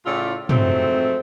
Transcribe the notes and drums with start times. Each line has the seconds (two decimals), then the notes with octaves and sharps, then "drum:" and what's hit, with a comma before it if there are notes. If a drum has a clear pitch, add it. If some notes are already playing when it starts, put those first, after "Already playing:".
0.06 A2 C#3 E4 F4 C#5 D5
0.49 F2 G#2 F#3 A3 C4, drum: tom